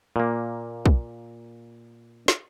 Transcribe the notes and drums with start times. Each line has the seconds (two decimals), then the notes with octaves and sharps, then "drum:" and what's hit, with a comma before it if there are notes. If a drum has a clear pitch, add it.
0.16 A#2 A#3
0.86 drum: kick
2.28 drum: snare